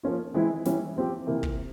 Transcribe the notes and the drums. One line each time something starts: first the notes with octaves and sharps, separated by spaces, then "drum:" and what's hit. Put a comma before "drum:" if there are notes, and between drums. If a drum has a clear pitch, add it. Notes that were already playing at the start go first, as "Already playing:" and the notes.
F3 A#3 C#4 F4
E3 G#3 C4 E4
E3 G3 C#4, drum: snare
F3 C4 G4
C3 E3 A#3
drum: kick